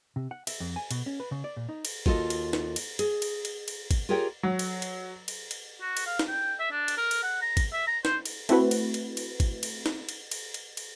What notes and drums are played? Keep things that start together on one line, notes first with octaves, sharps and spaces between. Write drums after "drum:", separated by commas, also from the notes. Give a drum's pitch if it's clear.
C3
F#5
E5, drum: cymbal
F2
G#5
B2, drum: cymbal
C#4
B4
C#3
D5
A#2
D#4
drum: cymbal
D#2 F4 F#4 A4 D#5, drum: kick
drum: cymbal
drum: snare
drum: cymbal
G#4, drum: cymbal
drum: cymbal
drum: cymbal
drum: cymbal
drum: kick, cymbal
F4 G4 G#4 A#4 C#5 G5
F#3
drum: cymbal
drum: cymbal
drum: cymbal
drum: cymbal
F#4
drum: cymbal
F5
drum: snare
G5
E5
D4
drum: cymbal
A#4
drum: cymbal
F#5
A#5
drum: kick, cymbal
E5
A#5
C5, drum: snare
drum: cymbal
A3 C4 E4 F#4 B4, drum: cymbal
drum: cymbal
drum: cymbal
drum: cymbal
drum: kick, cymbal
drum: cymbal
drum: snare
drum: cymbal
drum: cymbal
drum: cymbal
drum: cymbal